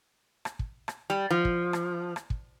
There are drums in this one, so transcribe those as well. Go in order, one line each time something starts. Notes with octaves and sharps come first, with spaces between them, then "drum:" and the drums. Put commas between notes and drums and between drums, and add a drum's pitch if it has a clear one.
drum: rim click
drum: kick
drum: rim click
G3
F3
drum: kick
drum: rim click
drum: rim click
drum: kick